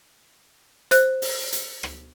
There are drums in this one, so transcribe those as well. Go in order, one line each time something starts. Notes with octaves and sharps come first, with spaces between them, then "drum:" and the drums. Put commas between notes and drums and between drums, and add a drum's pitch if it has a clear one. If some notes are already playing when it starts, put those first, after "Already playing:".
C5 F#6, drum: hi-hat
drum: open hi-hat
drum: hi-hat
drum: rim click